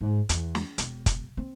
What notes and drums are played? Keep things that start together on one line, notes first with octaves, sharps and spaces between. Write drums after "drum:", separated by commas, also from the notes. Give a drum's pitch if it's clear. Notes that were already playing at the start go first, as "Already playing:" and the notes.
G#2
E2, drum: hi-hat
drum: snare
E1, drum: hi-hat
drum: kick, hi-hat
C4